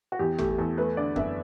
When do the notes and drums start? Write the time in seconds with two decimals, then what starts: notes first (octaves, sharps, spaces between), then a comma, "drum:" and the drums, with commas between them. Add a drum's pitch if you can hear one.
0.12 F#4
0.19 E2 G4
0.38 A3 G4, drum: tom
0.49 G4
0.58 E2 A4
0.78 A3 B4
0.97 D3 D5
1.16 F#2 E5, drum: kick